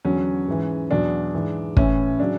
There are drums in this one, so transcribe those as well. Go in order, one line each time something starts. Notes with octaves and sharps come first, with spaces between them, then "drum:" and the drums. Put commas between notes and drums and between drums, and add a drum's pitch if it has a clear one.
E2 D3 F#3 C#4
G#2 E3
E2 B2 F#3 D4
G#2 E3
A2 E3 C#4, drum: kick
C#3 F#3 D4